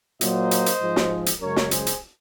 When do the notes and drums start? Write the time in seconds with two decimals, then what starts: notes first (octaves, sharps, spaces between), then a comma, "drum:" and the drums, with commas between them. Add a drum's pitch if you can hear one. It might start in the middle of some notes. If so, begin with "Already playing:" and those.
0.21 A#2 F#3 A#3 C5 D#5, drum: hi-hat
0.51 drum: hi-hat
0.66 drum: hi-hat
0.82 G#2 F3 G#3
0.96 drum: snare
1.26 drum: hi-hat
1.41 F#2 C#3 G#3 A#4 C#5
1.56 drum: snare
1.71 G#4 C5, drum: hi-hat
1.87 drum: hi-hat